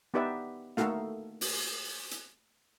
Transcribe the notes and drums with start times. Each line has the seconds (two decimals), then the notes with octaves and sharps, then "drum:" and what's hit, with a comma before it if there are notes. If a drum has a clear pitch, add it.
0.14 B3 D#4 G4 B4 D5 E5
0.77 A3 A#3 D#4 F#4 A4 F5, drum: snare
1.41 drum: open hi-hat
2.11 drum: hi-hat